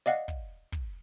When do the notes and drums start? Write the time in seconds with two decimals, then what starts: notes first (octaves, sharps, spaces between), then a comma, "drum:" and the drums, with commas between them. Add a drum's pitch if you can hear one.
0.06 D5 D#5 F5 F#5
0.28 drum: kick
0.72 drum: kick